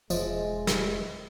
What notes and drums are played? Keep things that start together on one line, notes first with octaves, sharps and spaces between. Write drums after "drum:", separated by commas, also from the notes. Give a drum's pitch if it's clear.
E1 F3 G#3 D#5 E5, drum: tambourine
drum: snare